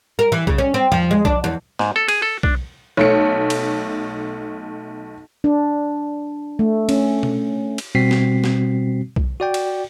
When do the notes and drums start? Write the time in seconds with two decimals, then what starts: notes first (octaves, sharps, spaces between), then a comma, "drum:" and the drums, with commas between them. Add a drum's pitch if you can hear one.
0.19 A#4
0.32 E3
0.47 C#3, drum: kick B1
0.58 C#4
0.74 C4
0.92 F3, drum: tom E2
1.11 G#3
1.25 D4, drum: kick B1
1.44 E2
1.79 G#2, drum: snare
1.96 A4
2.08 G#4, drum: cymbal
2.22 A4
2.43 D4, drum: kick B1
2.97 B1 A3 C#5 C#7
3.50 drum: cymbal
5.44 D4
6.59 A3
6.89 C#4, drum: cymbal
7.23 drum: tom B2
7.78 drum: cymbal
7.95 B2 G3 C4 F#4 B6 C7
8.11 drum: snare
8.44 drum: snare
9.16 drum: kick B1
9.40 F#4 D5 G5
9.54 drum: cymbal